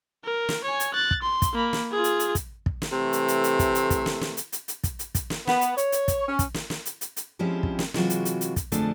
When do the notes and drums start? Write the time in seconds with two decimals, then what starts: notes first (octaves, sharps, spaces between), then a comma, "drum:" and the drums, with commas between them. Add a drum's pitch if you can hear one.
0.24 A#4
0.49 drum: snare
0.64 C#5 G#5
0.80 drum: hi-hat
0.94 F#6 A6
1.11 drum: kick
1.22 C6
1.42 drum: kick, hi-hat
1.54 A#3 B5
1.73 drum: snare
1.92 F4 G#4
2.04 drum: hi-hat
2.19 drum: hi-hat
2.35 drum: kick, hi-hat
2.66 drum: kick
2.82 drum: snare
2.93 C3 E3 A3
3.13 drum: hi-hat
3.28 drum: hi-hat
3.44 drum: hi-hat
3.59 drum: kick, hi-hat
3.75 drum: hi-hat
3.90 drum: kick, hi-hat
4.06 drum: snare
4.21 drum: snare
4.37 drum: hi-hat
4.52 drum: hi-hat
4.68 drum: hi-hat
4.84 drum: kick, hi-hat
4.99 drum: hi-hat
5.15 drum: kick, hi-hat
5.30 drum: snare
5.47 B3, drum: snare
5.61 drum: hi-hat
5.78 C#5, drum: hi-hat
5.92 drum: hi-hat
6.08 drum: kick, hi-hat
6.29 C#4
6.39 drum: kick, hi-hat
6.54 drum: snare
6.70 drum: snare
6.85 drum: hi-hat
7.01 drum: hi-hat
7.17 drum: hi-hat
7.39 F3 G#3 C4 C#4 E4 G4
7.63 drum: kick
7.79 drum: snare
7.94 C3 E3 F#3 G#3 F4 F#4, drum: snare
8.10 drum: hi-hat
8.25 drum: hi-hat
8.41 drum: hi-hat
8.56 drum: kick, hi-hat
8.72 F2 D3 F3 G#3 A3 D4, drum: hi-hat